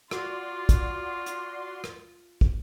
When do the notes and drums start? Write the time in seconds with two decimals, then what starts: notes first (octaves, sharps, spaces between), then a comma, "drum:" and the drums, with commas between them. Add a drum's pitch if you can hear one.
0.11 F4 F#4 D5 C6, drum: rim click
0.69 drum: kick, hi-hat
1.26 drum: hi-hat
1.84 drum: rim click
2.41 drum: kick